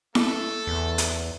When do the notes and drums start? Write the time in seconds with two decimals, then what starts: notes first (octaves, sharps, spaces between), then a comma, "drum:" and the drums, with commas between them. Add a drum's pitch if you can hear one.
0.15 A3 A4, drum: snare E4
0.67 E2
0.98 drum: hi-hat